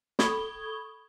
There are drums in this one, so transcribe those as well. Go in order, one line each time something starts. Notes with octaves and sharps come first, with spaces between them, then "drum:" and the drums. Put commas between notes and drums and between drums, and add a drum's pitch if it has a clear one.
A4 B5 C#6 D#6 G#6 G7, drum: snare